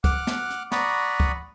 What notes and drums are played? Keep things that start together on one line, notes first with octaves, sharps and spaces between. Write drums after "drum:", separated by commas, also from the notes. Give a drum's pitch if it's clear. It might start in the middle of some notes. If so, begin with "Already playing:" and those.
F#5 D6 F6 F#6, drum: kick, hi-hat
drum: snare
drum: hi-hat
D5 F#5 A#5 B5 C#6 D#6, drum: snare
drum: kick